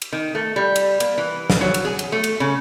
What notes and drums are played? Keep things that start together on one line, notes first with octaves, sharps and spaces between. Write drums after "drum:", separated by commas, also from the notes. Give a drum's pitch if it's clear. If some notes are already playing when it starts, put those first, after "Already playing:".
drum: cymbal
D#3
A3
G3
drum: cymbal
A#3, drum: cymbal
E3
drum: snare
F#3
drum: cymbal
G#4
drum: cymbal
A3
drum: cymbal
C#3